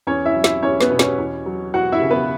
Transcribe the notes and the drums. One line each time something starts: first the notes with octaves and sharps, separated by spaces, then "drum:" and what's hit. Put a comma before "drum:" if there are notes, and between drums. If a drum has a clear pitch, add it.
E2 C#4 C#5
E4 E5
F#3
E4 E5, drum: snare
E2 C#4 C#5
B3 B4, drum: snare
B2
C#4 C#5, drum: snare
E2
F#3
E2 F#4 F#5
E4 E5
C#3
B3 B4